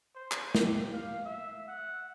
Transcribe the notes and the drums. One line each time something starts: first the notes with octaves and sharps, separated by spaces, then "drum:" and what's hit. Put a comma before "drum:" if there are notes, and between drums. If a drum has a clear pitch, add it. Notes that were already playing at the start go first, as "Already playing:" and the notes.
C5
drum: clap
G4, drum: snare
F5
E5
F#5